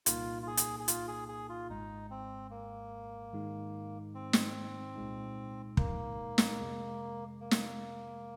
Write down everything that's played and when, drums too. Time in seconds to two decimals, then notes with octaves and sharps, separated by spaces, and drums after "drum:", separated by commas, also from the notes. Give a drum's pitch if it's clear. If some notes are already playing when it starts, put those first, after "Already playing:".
0.06 C2 A#2 A#3 D#4 F4, drum: hi-hat
0.42 F4
0.47 G#4
0.57 drum: hi-hat
0.79 G#4
0.88 F4, drum: hi-hat
1.08 G#4
1.28 G#4
1.49 F4
1.70 G#1 G#2 G#3 D#4
2.10 C4
2.51 A#3
3.33 G#2 D#3 G#3 D#4
4.15 C4
4.33 drum: snare
4.95 C2 A#2 G#3 D#4
5.77 A#3, drum: kick
6.38 drum: snare
6.60 F2 C3 G#3
7.41 A#3
7.51 drum: snare